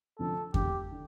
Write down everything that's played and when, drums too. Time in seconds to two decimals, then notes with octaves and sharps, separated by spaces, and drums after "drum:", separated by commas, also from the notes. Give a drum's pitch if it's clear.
0.19 F1 F2 D3 F3 C#4 A4
0.54 E1 E2 D3 G4, drum: kick F2
0.91 D3